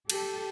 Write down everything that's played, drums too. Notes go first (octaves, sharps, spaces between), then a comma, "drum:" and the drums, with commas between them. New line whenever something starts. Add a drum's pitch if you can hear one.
G4 A4, drum: cymbal